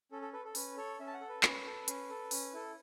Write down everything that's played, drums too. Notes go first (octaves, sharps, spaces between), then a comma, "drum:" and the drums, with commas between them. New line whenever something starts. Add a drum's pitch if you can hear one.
C#4 A4
A4
A4 B4
A4
C#4 B4, drum: open hi-hat
A4 C#5
C#4 E5
A5
F#5
A4
B4
C#4 B4, drum: clap
A4
C#4, drum: hi-hat
A4
C#4, drum: open hi-hat
E4 A4